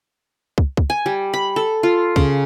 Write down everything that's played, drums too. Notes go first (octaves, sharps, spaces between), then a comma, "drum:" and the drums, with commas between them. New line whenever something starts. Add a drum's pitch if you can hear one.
drum: kick
drum: kick
G#5
G3
B5
A4
F4
C#3, drum: kick